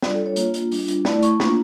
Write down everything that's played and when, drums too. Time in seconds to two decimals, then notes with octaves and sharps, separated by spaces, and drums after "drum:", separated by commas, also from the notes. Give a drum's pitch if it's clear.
0.02 G3 D4 F4 D5, drum: snare
0.14 A4
0.26 C#5
0.36 A#3 D4 F4, drum: hi-hat
0.54 drum: hi-hat
0.72 G3 D4 F4, drum: open hi-hat
0.88 drum: hi-hat
1.05 A3 E4 D5, drum: snare
1.22 C#6, drum: hi-hat
1.40 A#3 D4 F4, drum: snare